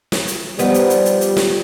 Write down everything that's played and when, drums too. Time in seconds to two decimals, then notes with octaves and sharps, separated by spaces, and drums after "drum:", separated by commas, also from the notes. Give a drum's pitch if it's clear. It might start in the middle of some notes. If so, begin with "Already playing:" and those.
0.12 drum: snare
0.28 drum: hi-hat
0.59 F3 G3 B3 D#4, drum: hi-hat
0.74 drum: hi-hat
0.90 drum: hi-hat
1.05 drum: hi-hat
1.21 drum: hi-hat
1.37 drum: snare